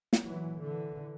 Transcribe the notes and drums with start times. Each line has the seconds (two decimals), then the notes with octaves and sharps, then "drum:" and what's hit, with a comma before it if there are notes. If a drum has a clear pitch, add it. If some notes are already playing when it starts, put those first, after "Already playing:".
0.13 drum: snare
0.22 A#2 E3 F#3
0.60 D3 E3